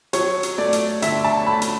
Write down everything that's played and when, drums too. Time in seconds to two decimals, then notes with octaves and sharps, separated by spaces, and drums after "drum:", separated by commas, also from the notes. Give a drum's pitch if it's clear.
0.13 F#3 C#5, drum: hi-hat
0.43 drum: hi-hat
0.58 A3 D5
0.73 drum: hi-hat
1.02 D3 E5, drum: hi-hat
1.24 A5
1.46 A3 B5
1.62 drum: hi-hat